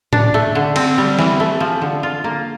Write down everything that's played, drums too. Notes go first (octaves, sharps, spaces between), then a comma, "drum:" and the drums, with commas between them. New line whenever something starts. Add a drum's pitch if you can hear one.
D4, drum: tom A2
A3
D3
C4, drum: cymbal
G3
E3, drum: snare
A3
F3
D3
F4
A#3